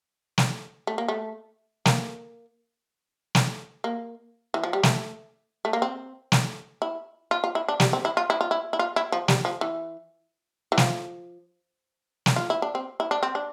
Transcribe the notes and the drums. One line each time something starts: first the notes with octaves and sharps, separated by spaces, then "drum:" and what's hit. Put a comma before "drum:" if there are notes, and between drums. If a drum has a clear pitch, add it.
drum: snare
A3
A#3
A3
A#3, drum: snare
drum: snare
A#3
E3
F3
G3
A3, drum: snare
A3
A#3
C4
drum: snare
E4
F4
F4
E4
D4
G3, drum: snare
C4
E4
F4
E4
F4
E4
E4
F4
E4
F3
G3, drum: snare
F3
E3
E3
F3, drum: snare
drum: snare
F4
E4
D4
C4
E4
D4
C4
D4